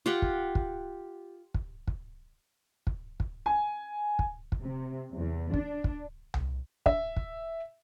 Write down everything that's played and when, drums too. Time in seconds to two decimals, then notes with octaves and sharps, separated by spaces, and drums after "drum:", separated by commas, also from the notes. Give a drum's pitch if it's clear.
0.06 F4 G4 F#5
0.22 drum: kick
0.55 drum: kick
1.54 drum: kick
1.88 drum: kick
2.87 drum: kick
3.20 drum: kick
3.46 G#5
4.19 drum: kick
4.52 drum: kick
4.61 C3
5.14 E2
5.54 D4, drum: kick
5.84 drum: kick
6.34 drum: tom C2
6.86 E5, drum: kick
7.16 drum: kick